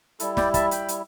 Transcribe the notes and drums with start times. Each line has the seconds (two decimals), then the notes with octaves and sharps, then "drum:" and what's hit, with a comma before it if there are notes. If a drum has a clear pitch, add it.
0.20 G3 E4 A4, drum: hi-hat
0.37 D5 G5, drum: snare
0.54 E5 A5, drum: kick, hi-hat
0.71 G5 B5, drum: hi-hat
0.88 drum: hi-hat